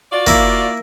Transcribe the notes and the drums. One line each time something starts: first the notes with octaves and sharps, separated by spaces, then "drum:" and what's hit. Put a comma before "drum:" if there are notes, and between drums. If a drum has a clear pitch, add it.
F4 F#4 D5
A#3 E4, drum: kick